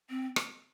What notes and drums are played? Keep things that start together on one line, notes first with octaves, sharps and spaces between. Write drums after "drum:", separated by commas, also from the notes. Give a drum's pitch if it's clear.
C4
drum: rim click